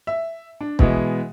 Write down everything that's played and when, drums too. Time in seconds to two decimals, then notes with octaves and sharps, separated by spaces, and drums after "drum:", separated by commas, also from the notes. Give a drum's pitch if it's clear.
0.07 E5
0.61 D4
0.79 B2 E3 G#3 B3, drum: kick